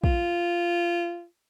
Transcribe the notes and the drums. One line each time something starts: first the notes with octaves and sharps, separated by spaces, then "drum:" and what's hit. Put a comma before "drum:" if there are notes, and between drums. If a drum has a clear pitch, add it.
F4, drum: kick